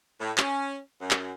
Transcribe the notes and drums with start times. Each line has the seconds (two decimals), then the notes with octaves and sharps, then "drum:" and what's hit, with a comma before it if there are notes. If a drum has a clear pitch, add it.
0.21 A2
0.38 C#4, drum: clap
1.01 F#2
1.11 drum: clap